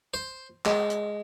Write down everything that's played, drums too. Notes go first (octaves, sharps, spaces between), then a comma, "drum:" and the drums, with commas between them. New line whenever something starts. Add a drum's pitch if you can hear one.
C5
G#3, drum: clap
drum: hi-hat